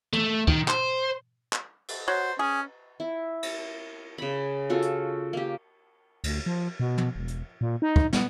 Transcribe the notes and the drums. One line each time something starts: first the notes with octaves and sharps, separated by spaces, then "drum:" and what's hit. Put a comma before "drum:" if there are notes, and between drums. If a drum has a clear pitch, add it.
A3, drum: tom
D#3, drum: kick
C5, drum: clap
drum: clap
drum: cymbal
F#3 C5
C#4 G#4
E4
drum: cymbal
C#3 B5
F4 F#4 A4
drum: hi-hat
A#3 G4
D2, drum: cymbal
F3
B2
drum: tom
E1
drum: hi-hat
A#2
D#4
drum: kick
B3, drum: snare